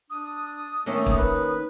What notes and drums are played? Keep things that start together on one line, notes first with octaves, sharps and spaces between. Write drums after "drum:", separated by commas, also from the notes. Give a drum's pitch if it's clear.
D4 D#6
D#3 A3 A#3 C#4
drum: kick
B4